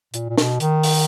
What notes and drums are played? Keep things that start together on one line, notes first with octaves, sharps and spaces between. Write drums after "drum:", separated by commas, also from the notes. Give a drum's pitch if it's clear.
A#2, drum: hi-hat
A#2
B2, drum: snare
D#3, drum: hi-hat
drum: open hi-hat